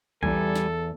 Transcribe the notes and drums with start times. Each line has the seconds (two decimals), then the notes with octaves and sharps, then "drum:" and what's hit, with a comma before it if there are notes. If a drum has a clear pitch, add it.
0.23 B1 E2 G3 A4 G#5, drum: kick B1
0.56 drum: snare